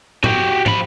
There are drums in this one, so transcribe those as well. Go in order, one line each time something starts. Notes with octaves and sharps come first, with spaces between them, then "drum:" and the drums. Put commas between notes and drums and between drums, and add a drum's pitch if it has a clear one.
F#4 G4, drum: tom A2
F3 B5, drum: tom